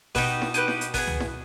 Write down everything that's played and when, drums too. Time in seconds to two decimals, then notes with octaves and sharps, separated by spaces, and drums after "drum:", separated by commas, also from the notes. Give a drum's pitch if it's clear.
0.15 B2 D#4 G4 B4, drum: kick G#1, open hi-hat
0.42 drum: snare E4
0.54 D#4 G4 B4, drum: hi-hat
0.68 drum: snare E4
0.81 drum: hi-hat
0.94 B3 D#4 G#4, drum: kick G#1, open hi-hat
1.07 drum: tom
1.20 drum: snare E4